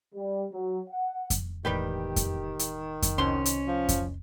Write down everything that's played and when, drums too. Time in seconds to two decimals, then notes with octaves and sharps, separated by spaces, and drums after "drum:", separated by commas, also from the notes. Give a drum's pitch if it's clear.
0.15 G3
0.52 F#3
0.90 F#5
1.30 drum: kick F2, hi-hat
1.65 E1 E2 A2 D#3 G3 G4 B4 G5
2.16 drum: kick F2, hi-hat
2.59 drum: hi-hat
3.02 drum: kick F2, hi-hat
3.18 C2 B2 C#4 C5 C6
3.45 drum: hi-hat
3.67 F3
3.89 drum: kick F2, hi-hat